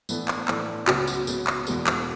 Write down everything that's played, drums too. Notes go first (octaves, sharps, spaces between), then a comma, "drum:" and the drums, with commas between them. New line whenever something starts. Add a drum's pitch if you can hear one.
A2 E3 B3 D4 A4, drum: tambourine
drum: clap
A2 E3 B3 D4 A4, drum: clap
C#2 C#3 F#3 B3 F#4, drum: clap
drum: tambourine
C#2 C#3 F#3 B3, drum: tambourine
drum: clap
E1 E2 B2 G#3 B3, drum: tambourine
drum: clap